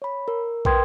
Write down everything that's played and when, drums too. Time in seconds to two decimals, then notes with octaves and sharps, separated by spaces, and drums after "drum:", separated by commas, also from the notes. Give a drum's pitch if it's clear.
0.02 C#5 B5
0.28 A#4
0.65 A#4 B4 G5 C6 D#6 G#6, drum: kick